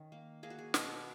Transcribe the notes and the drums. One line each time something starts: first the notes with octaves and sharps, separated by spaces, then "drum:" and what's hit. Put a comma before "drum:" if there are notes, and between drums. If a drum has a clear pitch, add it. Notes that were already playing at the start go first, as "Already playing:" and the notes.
Already playing: D#3 C#4
A#3
A#3 G#4
F#4
G#4
B2, drum: snare